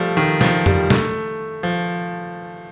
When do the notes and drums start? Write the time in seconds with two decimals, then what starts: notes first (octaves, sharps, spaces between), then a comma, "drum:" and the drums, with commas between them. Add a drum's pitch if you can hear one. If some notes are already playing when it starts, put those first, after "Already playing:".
Already playing: F3 G3 A3
0.17 D#3
0.41 F3, drum: snare
0.66 G3, drum: tom F2
0.90 A3, drum: snare
1.63 F3